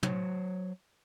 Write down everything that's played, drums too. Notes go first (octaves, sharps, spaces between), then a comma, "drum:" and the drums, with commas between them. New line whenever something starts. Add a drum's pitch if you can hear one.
F#3 C5 C#5, drum: tom